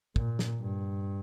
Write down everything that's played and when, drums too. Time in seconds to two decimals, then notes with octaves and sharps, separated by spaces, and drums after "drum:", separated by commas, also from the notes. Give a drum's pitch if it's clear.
0.16 A#2, drum: kick
0.39 drum: snare
0.61 G2